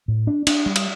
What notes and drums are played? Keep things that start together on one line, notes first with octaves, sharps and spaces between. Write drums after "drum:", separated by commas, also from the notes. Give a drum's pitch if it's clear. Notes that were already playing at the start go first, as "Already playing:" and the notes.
A2
D4
D4, drum: cymbal
G3
drum: cymbal